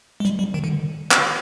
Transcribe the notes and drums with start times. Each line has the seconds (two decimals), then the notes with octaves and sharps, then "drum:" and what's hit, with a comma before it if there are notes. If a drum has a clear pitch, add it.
0.20 G#3
0.25 G3, drum: hi-hat
0.39 G3
0.54 D#3
0.64 D3
1.11 drum: clap